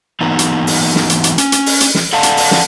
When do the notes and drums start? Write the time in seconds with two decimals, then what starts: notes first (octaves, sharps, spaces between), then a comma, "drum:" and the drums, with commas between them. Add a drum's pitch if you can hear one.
0.21 E3 F#3 A#3 B3 D#4
0.39 drum: hi-hat
0.67 drum: open hi-hat
0.95 drum: snare
1.10 drum: hi-hat
1.24 drum: hi-hat
1.38 C#4, drum: hi-hat
1.52 drum: hi-hat
1.66 drum: open hi-hat
1.80 drum: hi-hat
1.95 drum: snare
2.13 A4 D5 F5 F#5 A5
2.23 drum: hi-hat
2.37 drum: open hi-hat
2.51 drum: snare